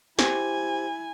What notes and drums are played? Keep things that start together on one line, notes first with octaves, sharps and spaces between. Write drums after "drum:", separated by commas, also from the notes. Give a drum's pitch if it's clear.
E4 G4 C5 G#5, drum: snare